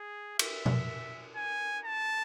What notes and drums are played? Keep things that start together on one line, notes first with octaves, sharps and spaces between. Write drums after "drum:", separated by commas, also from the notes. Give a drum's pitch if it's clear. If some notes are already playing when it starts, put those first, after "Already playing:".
Already playing: G#4
E5, drum: cymbal
drum: tom B2
G#5
A5